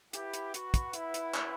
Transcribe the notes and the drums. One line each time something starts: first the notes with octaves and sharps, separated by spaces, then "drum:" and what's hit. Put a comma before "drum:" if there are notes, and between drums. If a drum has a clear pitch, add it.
E4 G4 B4 F#5 B5, drum: hi-hat
drum: hi-hat
F#4, drum: hi-hat
drum: kick, hi-hat
E4, drum: hi-hat
drum: hi-hat
drum: clap